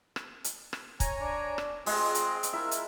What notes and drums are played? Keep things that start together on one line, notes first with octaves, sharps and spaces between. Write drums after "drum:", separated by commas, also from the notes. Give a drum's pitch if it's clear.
drum: rim click
drum: hi-hat
drum: rim click
C#5 G#5 A#5, drum: kick, hi-hat
D4
drum: rim click
G#3 C4 F4 G#4 D#5, drum: open hi-hat
drum: hi-hat
drum: hi-hat
E4 F4 A#4 E5
drum: hi-hat